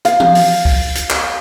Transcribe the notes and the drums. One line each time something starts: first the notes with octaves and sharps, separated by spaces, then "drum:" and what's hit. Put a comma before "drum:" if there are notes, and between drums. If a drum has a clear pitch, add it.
F5, drum: hi-hat
drum: tom E3
drum: open hi-hat
drum: kick, open hi-hat
drum: hi-hat
drum: clap